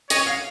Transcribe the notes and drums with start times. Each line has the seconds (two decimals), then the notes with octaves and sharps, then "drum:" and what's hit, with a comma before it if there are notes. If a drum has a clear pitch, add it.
0.10 C#5 D#5, drum: hi-hat
0.27 F5